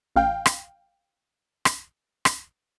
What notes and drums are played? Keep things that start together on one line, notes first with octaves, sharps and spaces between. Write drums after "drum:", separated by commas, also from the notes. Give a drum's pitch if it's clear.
A1 F5 G5
drum: rim click
drum: rim click
drum: rim click